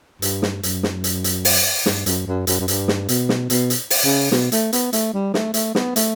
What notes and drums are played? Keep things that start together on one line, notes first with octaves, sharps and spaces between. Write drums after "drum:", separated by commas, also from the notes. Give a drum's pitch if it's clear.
G2, drum: hi-hat
drum: snare
F#2, drum: hi-hat
drum: snare
drum: hi-hat
drum: hi-hat
drum: open hi-hat
G2, drum: snare
F#2, drum: hi-hat
F#2
F#2, drum: hi-hat
F#2
G2, drum: hi-hat
drum: snare
B2, drum: hi-hat
drum: snare
B2, drum: hi-hat
drum: hi-hat
drum: open hi-hat
C#3
B2, drum: snare
A3, drum: hi-hat
B3, drum: hi-hat
A3, drum: hi-hat
G3
A3, drum: snare
A3, drum: hi-hat
B3, drum: snare
A3, drum: hi-hat